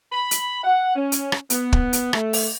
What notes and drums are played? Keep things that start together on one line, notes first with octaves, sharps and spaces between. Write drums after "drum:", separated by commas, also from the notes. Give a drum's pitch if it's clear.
B5
drum: hi-hat
F#5
C#4
drum: hi-hat
drum: rim click
B3, drum: hi-hat
drum: kick
drum: hi-hat
A3, drum: rim click
drum: open hi-hat